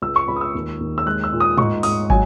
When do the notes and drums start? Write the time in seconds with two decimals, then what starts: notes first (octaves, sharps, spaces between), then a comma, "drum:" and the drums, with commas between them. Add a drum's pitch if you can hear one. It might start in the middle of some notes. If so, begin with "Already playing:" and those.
0.02 C#2 E6
0.16 C#6
0.28 C#2 B5
0.36 D#6
0.41 E6
0.55 D#2
0.80 D#2
0.98 E6
1.06 G#3 F#6
1.24 E6
1.32 A#2
1.40 D#6
1.58 G#2 C#6, drum: tom
1.83 G#2 D#6, drum: open hi-hat
2.10 F#3 G#5, drum: kick